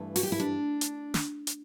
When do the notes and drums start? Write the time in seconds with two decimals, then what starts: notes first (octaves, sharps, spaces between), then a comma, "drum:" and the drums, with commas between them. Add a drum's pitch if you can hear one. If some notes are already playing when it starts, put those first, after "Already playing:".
Already playing: G2 E3 A3
0.16 F#4, drum: open hi-hat
0.23 G4
0.32 E4
0.40 D4
0.81 drum: hi-hat
1.14 drum: snare
1.47 drum: hi-hat